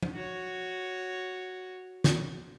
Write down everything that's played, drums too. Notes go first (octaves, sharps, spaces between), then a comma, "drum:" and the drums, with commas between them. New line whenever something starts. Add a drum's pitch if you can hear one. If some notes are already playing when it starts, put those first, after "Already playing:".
drum: tom F3
F#4 C#5
drum: snare